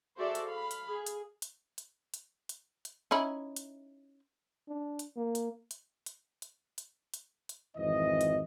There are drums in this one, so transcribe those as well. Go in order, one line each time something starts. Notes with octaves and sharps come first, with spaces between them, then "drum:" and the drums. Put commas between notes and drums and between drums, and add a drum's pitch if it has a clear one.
F#4 G#4 A4 C5 D5 E5
drum: hi-hat
F5 B5
drum: hi-hat
G#4
drum: hi-hat
drum: hi-hat
drum: hi-hat
drum: hi-hat
drum: hi-hat
drum: hi-hat
C#4 D#4 E4
drum: hi-hat
D4
drum: hi-hat
A#3
drum: hi-hat
drum: hi-hat
drum: hi-hat
drum: hi-hat
drum: hi-hat
drum: hi-hat
drum: hi-hat
G#1 F2 E3 C4 D#5
drum: hi-hat